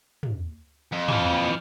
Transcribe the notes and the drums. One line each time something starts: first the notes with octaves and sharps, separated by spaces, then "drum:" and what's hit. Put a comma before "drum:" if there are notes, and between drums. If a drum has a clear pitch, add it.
drum: tom
F2
E3 F3, drum: tom